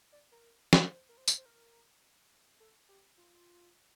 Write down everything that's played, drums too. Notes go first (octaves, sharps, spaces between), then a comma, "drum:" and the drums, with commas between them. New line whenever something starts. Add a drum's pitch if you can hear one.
D5
A#4
drum: snare
C5
A#4
C5
drum: tambourine
C5
A#4
A4
G4
F4